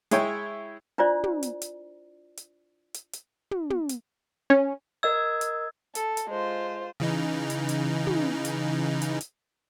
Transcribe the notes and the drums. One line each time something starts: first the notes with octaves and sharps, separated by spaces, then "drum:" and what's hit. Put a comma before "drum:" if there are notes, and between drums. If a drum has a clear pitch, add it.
G#3 E4 C#5 G5, drum: hi-hat
D4 E4 F4 C5 D5
drum: tom
drum: hi-hat
drum: hi-hat
drum: hi-hat
drum: hi-hat
drum: hi-hat
drum: tom
drum: tom
drum: hi-hat
C#4
A#4 D#5 E6 G#6
drum: hi-hat
A4, drum: hi-hat
drum: hi-hat
G#3 F4 C5
C#3 E3 D#4
drum: hi-hat
drum: hi-hat
drum: tom
drum: hi-hat
drum: hi-hat
drum: hi-hat